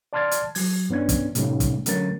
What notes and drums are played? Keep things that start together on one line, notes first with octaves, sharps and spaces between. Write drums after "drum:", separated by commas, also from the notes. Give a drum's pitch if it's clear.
D5 A5 C6 F6 G#6 A6
drum: hi-hat
F#3 G#6, drum: open hi-hat
G2 B3 C#4 D4 G#6
drum: kick, hi-hat
A2 C3 G3 A3 C#4 D#4, drum: hi-hat
drum: kick, hi-hat
D3 F#3 A3 C#4 A#4 A6, drum: hi-hat